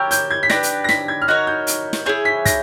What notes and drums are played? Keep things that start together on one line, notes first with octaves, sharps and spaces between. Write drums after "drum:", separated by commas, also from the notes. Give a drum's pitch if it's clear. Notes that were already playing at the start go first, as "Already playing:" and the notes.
Already playing: G4 A#4 C#5 E6 G6
G6, drum: hi-hat
G#6
B6
D4 G4 B4 A#6, drum: snare
drum: hi-hat
A#6
B6, drum: snare
G#6
F6
D#4 F#4 A#4 C#5 F#6
G6
drum: hi-hat
drum: snare
E4 G#4 C#5 G6
B6
A#6, drum: kick, hi-hat